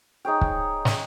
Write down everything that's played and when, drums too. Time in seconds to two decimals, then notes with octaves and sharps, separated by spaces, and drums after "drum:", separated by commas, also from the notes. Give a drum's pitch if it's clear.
0.25 D#4 G#4 C#5 G5
0.41 drum: kick
0.85 G5, drum: snare